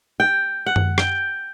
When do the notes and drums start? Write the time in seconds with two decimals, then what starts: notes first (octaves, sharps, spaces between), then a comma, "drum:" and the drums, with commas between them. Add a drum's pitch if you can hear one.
0.20 G5
0.66 F#5
0.76 drum: tom F#2
0.98 G5, drum: rim click